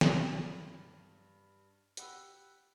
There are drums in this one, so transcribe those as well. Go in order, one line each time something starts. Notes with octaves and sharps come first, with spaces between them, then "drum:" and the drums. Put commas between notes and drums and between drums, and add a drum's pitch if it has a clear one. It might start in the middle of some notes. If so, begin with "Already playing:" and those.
G2, drum: snare
G4 F#5 B5 E6, drum: hi-hat